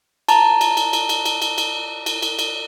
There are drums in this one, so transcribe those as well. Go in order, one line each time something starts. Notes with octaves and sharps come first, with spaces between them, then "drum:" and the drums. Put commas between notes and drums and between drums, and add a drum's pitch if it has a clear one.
A5 A#5, drum: cymbal
drum: cymbal
drum: cymbal
drum: cymbal
drum: cymbal
drum: cymbal
drum: cymbal
drum: cymbal
drum: cymbal
drum: cymbal
drum: cymbal